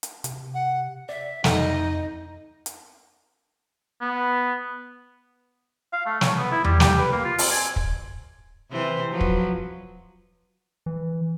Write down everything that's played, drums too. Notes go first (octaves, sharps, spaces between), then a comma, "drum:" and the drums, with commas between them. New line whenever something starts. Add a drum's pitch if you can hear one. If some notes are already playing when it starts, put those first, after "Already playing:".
drum: hi-hat
C3, drum: hi-hat
F#5
D5 E5
F2 D#4 A4 D#5 E5 F#5, drum: snare
drum: hi-hat
B3
F5
A3
C#5, drum: snare
B3
E4
G3, drum: tom E2
G4, drum: snare
B4
A#3
F4
C4, drum: open hi-hat
G#5
drum: kick
C3 E3 C5
F3 F#3 B4
drum: kick
E3